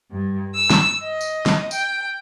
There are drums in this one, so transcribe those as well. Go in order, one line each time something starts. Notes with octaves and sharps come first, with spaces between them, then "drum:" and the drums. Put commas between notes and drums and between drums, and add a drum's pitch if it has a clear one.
G2
E6
drum: snare
D#5
drum: tambourine
drum: snare
G5, drum: tambourine